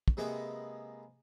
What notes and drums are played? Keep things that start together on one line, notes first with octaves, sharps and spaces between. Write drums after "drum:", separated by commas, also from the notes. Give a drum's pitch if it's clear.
drum: kick
C3 G#3 A#3 B3 B4 G5